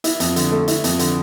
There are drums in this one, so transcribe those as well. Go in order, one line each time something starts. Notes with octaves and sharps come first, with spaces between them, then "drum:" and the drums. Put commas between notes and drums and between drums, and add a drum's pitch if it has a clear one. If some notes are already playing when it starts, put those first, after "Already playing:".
E4, drum: hi-hat
F2, drum: hi-hat
D3, drum: hi-hat
A3
E4, drum: hi-hat
F2, drum: hi-hat
D3, drum: hi-hat